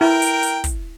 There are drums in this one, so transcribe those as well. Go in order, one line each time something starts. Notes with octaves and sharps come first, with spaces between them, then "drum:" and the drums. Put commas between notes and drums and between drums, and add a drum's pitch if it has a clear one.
E4 A#4 G5
drum: hi-hat
drum: hi-hat
drum: kick, hi-hat